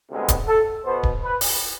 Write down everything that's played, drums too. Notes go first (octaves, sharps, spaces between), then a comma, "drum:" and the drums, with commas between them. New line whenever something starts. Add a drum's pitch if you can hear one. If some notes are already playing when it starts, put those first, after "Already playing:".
D2 C3 G#3 B3
drum: kick D1, hi-hat
A4
B2 B3 C5
drum: kick D1
B4
drum: open hi-hat